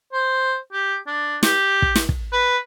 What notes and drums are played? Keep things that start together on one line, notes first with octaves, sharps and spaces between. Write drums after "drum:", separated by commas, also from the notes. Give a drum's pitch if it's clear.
C5
G4
D4
G4, drum: snare
drum: kick
drum: snare
drum: kick
B4